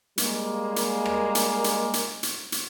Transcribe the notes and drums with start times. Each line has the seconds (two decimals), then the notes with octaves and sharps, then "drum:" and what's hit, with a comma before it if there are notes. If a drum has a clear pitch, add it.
0.18 G3 G#3 A#3, drum: hi-hat
0.76 drum: hi-hat
1.06 drum: rim click
1.35 drum: hi-hat
1.64 drum: hi-hat
1.94 drum: hi-hat
2.23 drum: hi-hat
2.52 drum: hi-hat